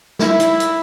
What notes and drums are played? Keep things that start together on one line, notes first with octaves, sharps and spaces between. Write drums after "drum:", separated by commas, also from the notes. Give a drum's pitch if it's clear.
E4, drum: snare
drum: hi-hat
drum: hi-hat